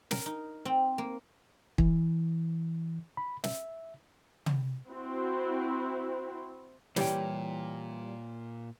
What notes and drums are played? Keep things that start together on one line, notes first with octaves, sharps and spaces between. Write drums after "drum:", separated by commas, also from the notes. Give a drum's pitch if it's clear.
A#4, drum: snare
D#4
C4
A#3
E3, drum: kick
B5
E5, drum: snare
drum: tom
C4 E4 F#4
A#2 E3 G3 C#5 G5, drum: snare